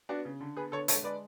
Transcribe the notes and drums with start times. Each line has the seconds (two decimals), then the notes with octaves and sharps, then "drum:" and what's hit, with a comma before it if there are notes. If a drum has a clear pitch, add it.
0.09 B3 D4 F#4
0.25 C#3
0.41 D3
0.57 B3 G#4 B4
0.72 D3 A4 C#5
0.88 G#3 A4 C#5, drum: hi-hat
1.03 G#3 B4 D5